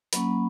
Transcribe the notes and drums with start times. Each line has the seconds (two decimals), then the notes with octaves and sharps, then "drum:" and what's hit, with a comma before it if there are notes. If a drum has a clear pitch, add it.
0.13 F#3 A#3 C#4 B5, drum: hi-hat